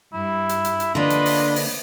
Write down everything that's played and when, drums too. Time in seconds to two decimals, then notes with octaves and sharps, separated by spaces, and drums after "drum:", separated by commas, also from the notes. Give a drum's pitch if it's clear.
0.13 G2 E4
0.49 drum: hi-hat
0.65 drum: hi-hat
0.80 drum: hi-hat
0.95 D3 A#3 D4 F4 B4 D#5 B5
1.10 drum: hi-hat
1.25 drum: open hi-hat
1.56 drum: open hi-hat